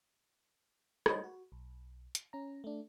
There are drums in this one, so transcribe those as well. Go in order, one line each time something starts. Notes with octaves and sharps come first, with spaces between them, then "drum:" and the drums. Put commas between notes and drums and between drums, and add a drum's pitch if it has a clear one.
G3 D#4 F#4 C5 C#5 D#5, drum: rim click
F#4
B1
drum: hi-hat
C#4 A#5
A3 D4